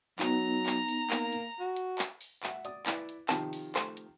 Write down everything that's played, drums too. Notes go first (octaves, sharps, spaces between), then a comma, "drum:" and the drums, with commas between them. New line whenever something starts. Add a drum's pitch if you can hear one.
F#3 B3 D#4 A#5, drum: clap
drum: clap
drum: open hi-hat
A#3, drum: clap
drum: hi-hat
F#4
drum: hi-hat
drum: clap
drum: open hi-hat
E5 F#5, drum: clap
D5 D#6, drum: hi-hat
E4 B4 D5, drum: clap
drum: hi-hat
C3 D#3 F3 A5, drum: clap
drum: open hi-hat
A3 C5, drum: clap
drum: hi-hat